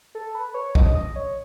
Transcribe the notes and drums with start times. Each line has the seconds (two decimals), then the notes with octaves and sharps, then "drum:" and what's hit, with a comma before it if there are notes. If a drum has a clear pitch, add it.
0.15 A4
0.35 B4
0.54 C#5
0.75 D#5, drum: kick
0.95 D#5
1.16 C#5